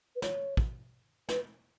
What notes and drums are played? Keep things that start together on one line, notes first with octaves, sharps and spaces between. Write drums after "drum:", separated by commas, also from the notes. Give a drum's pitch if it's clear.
B4
C#5, drum: snare
drum: kick
B4, drum: snare